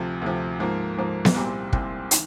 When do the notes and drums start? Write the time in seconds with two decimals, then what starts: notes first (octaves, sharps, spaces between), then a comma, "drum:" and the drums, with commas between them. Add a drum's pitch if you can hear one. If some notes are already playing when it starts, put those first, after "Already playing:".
Already playing: D2 C3 F3
0.21 D2 C3 F3
0.60 G#2 F3 A#3
0.97 G#2 F3 A#3
1.25 drum: snare B3
1.34 C2 A#2 G3 C4
1.73 C2 A#2 G3 C4, drum: kick
2.11 D#3, drum: hi-hat